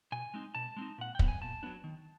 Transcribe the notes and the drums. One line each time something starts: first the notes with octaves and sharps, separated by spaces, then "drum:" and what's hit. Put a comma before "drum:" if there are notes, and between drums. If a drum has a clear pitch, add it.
B2 G#5
G#3 C4 D#4
B2 A5
G#3 C4 D#4
A#2 F#5
G5
F#3 B3 D4, drum: kick
G#5
A#2 A5
F#3 B3 D4
D#3